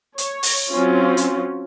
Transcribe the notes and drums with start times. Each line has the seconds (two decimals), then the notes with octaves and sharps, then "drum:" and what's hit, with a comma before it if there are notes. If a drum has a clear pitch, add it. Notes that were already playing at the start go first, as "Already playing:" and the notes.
0.18 C#5, drum: hi-hat
0.43 drum: open hi-hat
0.71 F#3 C4 C#4 F4
1.17 drum: hi-hat